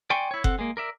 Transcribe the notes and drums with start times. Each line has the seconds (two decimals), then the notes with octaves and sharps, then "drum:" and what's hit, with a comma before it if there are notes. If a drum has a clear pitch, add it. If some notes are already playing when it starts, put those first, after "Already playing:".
0.10 D5 G5 G#5 C6 C#6
0.31 E4 C#5
0.44 C4 A4 F#5, drum: kick F#1
0.59 G#3 A#3
0.77 A#4 D5 E5